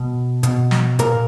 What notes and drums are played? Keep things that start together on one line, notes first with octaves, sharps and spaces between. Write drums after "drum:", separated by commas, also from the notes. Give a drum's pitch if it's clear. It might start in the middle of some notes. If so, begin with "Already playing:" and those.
Already playing: B2
B2, drum: hi-hat
drum: snare
A#2 A#4, drum: hi-hat